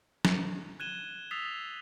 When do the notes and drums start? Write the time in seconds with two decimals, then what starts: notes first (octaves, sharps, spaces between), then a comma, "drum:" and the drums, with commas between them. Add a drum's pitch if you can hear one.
0.25 drum: snare
0.80 F#6 G#6 D#7 E7 G7
1.31 D#6 E6 A6 B6 C7 F7